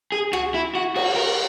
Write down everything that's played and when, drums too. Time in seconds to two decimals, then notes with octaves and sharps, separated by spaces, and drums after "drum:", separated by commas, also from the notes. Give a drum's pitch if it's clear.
0.12 G#4
0.33 F#4, drum: rim click
0.54 E4
0.75 F#4
0.96 F#4, drum: cymbal
1.16 A#4